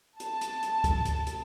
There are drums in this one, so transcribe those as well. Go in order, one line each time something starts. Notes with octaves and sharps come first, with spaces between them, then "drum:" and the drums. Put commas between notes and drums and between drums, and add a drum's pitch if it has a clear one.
A5, drum: hi-hat
drum: hi-hat
drum: hi-hat
drum: kick C#2, hi-hat
drum: hi-hat
drum: hi-hat